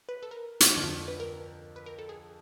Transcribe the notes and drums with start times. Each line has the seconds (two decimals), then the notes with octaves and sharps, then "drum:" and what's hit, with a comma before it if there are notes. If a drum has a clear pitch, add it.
0.09 B4
0.23 A4
0.31 A#4
0.60 drum: hi-hat
0.76 F2 D3 F3
1.08 B4
1.20 A#4
1.76 B4
1.86 A#4
1.99 A4
2.09 G#4